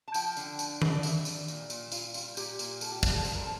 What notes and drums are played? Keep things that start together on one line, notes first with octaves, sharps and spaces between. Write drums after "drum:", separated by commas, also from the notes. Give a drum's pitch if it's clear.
A5
F3 G5, drum: tambourine
D3, drum: tambourine
A3, drum: tambourine
D3, drum: tom D#3
D5
G3 E5, drum: tambourine
G3, drum: tambourine
A#2, drum: tambourine
A#2, drum: tambourine
G3 F4, drum: tambourine
G3 F4, drum: tambourine
A#2 G4, drum: tambourine
A#2, drum: tambourine
G3 A4, drum: tambourine
G4
G3 G4, drum: kick, tambourine
A4
A#2 C5, drum: tambourine
A#4
A4